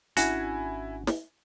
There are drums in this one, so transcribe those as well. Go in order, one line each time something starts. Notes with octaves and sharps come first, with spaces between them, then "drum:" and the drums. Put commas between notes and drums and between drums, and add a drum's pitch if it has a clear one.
G#1 C#4 D4 E4 F#4 G#5, drum: hi-hat
drum: snare